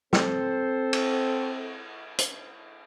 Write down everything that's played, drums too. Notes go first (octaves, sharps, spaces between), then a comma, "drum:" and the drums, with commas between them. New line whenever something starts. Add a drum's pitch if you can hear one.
C4 A4 C5, drum: snare
drum: cymbal
drum: hi-hat